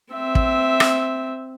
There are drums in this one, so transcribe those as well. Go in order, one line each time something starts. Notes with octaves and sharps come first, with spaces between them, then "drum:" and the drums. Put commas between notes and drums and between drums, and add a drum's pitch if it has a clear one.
C4 E5
drum: kick
drum: rim click